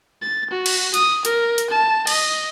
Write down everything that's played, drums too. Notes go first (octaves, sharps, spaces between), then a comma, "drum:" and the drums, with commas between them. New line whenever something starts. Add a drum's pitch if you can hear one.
A6
F#4
drum: cymbal
D#6, drum: hi-hat
A#4, drum: hi-hat
drum: hi-hat
A5
D#5, drum: cymbal